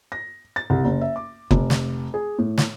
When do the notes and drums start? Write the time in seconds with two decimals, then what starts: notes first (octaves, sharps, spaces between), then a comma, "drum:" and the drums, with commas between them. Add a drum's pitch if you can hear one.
0.12 A#6
0.56 A6
0.70 C2
0.84 F#1
1.01 E5
1.16 D6
1.51 F1, drum: kick F#1
1.70 drum: snare
2.14 G#4
2.39 A2
2.58 drum: snare